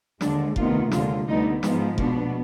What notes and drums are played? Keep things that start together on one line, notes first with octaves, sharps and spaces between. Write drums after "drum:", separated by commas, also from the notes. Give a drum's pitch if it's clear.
D#2 D3 G#3 D4, drum: snare
D2 C3 D#3 B3 F4, drum: kick F1
D#2 D3 G#3 F4, drum: snare
D2 D3 G3 B3 D#4
G#2 F3 G#3 B3 D#4, drum: snare
B2 B3 D4, drum: kick F1